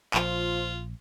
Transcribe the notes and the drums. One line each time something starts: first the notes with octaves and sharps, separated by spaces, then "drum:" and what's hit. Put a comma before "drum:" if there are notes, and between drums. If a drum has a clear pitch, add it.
A#1 F3 F4, drum: clap